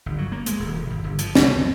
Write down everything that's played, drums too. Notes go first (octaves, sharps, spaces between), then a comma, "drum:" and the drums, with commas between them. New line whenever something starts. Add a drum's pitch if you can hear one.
G1
F#3
A#3
G#3, drum: hi-hat
D#1
E1
G#1
G1
F3, drum: hi-hat
C2, drum: snare
D#3
F#2